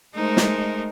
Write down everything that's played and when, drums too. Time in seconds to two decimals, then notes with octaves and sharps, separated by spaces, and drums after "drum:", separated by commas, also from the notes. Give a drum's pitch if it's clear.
0.15 G#3 A3 D#4 A#4 C5
0.37 drum: snare